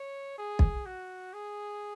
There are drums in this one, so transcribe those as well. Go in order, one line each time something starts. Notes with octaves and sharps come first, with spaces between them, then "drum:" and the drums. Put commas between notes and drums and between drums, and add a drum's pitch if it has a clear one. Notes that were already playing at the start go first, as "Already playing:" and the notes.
Already playing: C#5
G#4
drum: kick
F#4
G#4